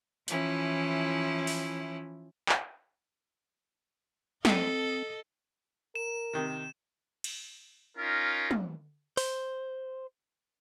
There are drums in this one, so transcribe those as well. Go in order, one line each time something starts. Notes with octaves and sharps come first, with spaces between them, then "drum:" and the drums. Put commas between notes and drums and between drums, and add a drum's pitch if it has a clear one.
E3 F3 C#4 E4, drum: hi-hat
drum: open hi-hat
drum: clap
C4 A4 D#5, drum: snare
A#4 E7
C3 D#3
drum: cymbal
C#4 D#4 F4 A#4
drum: tom
C5, drum: open hi-hat